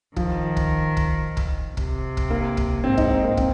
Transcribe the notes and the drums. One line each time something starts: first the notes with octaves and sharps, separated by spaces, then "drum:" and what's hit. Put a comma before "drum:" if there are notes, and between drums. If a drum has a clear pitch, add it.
D#3 F3, drum: kick
drum: kick
drum: kick
drum: kick
C3, drum: kick
drum: kick
A#3
drum: kick
G#2 C4
D#4, drum: kick
C4
A#3
C4, drum: kick